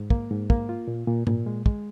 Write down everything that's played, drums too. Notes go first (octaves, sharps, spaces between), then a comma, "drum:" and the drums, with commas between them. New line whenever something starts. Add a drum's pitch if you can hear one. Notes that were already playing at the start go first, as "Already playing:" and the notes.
Already playing: G#2
A#3, drum: kick
G#2
A#3, drum: kick
F4
A#2
A#2
A#2, drum: tom G#2
G#3
G#3, drum: kick